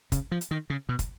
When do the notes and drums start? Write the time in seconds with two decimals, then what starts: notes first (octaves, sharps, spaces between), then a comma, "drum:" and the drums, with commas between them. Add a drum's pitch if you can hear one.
0.12 C#3, drum: kick, hi-hat
0.31 F3
0.41 drum: hi-hat
0.51 D#3
0.70 C#3
0.89 B2
0.99 drum: kick, hi-hat